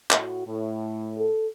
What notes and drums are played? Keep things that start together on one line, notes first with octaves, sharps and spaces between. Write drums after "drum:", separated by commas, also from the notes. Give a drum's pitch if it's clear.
A2 F#4, drum: clap
A2
A4